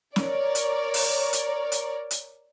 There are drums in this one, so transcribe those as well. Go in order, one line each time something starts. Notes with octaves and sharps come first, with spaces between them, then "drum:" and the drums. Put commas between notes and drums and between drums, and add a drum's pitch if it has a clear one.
A#4 C#5 D5, drum: snare
drum: hi-hat
drum: open hi-hat
drum: hi-hat
drum: hi-hat
drum: hi-hat